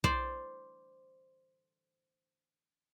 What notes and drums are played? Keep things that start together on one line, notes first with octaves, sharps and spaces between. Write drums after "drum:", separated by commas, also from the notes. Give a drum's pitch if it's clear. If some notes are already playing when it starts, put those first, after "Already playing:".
C5 D5, drum: kick